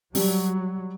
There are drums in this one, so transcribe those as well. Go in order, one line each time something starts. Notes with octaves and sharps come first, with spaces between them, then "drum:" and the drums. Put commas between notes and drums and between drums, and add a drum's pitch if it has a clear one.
F#3 G3, drum: open hi-hat